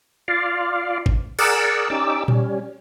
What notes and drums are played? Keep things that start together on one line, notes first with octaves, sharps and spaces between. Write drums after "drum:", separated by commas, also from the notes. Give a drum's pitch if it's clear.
F4 D5 F5
drum: kick
G#4 A#4 D5 F#5 E6, drum: cymbal
C#4 D#4 G4 D5 D6 E6
G3 C#4, drum: tom A#2